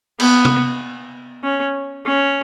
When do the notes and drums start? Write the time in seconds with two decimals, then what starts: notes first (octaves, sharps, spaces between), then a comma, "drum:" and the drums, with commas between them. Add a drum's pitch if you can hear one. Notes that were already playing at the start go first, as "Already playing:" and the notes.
0.20 B3, drum: cymbal
0.45 drum: tom
1.44 C#4
2.06 C#4